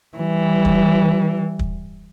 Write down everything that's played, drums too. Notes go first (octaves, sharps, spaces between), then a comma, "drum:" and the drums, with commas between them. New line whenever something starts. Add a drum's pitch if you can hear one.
E3 G3
drum: kick
drum: kick